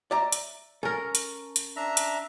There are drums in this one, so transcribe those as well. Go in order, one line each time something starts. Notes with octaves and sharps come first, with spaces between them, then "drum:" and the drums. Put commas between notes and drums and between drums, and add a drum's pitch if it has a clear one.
D5 E5 A#5
drum: hi-hat
C#4 A4 A#4
drum: hi-hat
drum: hi-hat
D4 E5 A#5
drum: hi-hat